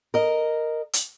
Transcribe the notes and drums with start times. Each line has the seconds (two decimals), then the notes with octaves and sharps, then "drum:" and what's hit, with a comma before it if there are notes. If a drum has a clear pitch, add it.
0.14 A#4 D#5
0.93 drum: hi-hat